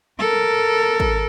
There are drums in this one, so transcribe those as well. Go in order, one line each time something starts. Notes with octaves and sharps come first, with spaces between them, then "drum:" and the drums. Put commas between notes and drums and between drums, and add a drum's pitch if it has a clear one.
A4 A#4
drum: tom
drum: kick G#1